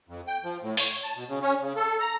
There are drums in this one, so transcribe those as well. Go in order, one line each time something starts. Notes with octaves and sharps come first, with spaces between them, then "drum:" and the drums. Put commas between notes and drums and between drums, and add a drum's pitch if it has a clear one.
F2
G5
F3
A2
C#5, drum: open hi-hat
A5
B2
C#3
C#4
C#3
A4
A#5